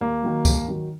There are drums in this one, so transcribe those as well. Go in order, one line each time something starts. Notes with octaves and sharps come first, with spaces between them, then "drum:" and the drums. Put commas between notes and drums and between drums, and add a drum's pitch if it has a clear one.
D#2 A#3
D#3 F#3
D#2, drum: kick C#2, tambourine
D#3 F#3